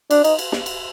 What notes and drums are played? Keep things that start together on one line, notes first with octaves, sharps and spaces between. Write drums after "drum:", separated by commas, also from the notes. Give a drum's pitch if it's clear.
D4, drum: cymbal
D#4, drum: cymbal
drum: cymbal
drum: snare
drum: cymbal